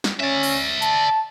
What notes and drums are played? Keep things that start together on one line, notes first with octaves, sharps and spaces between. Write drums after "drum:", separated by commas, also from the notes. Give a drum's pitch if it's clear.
drum: snare
C#4 D5 E5
drum: open hi-hat
A5, drum: hi-hat